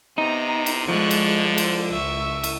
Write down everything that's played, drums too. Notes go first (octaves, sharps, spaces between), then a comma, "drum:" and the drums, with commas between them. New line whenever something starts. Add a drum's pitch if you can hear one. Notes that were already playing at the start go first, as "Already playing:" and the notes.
C3 B3 D#4 A#5
drum: cymbal
D3 F3 G#3 C#6 F#6
drum: cymbal
C5, drum: cymbal
C#2 E5 C#6
drum: cymbal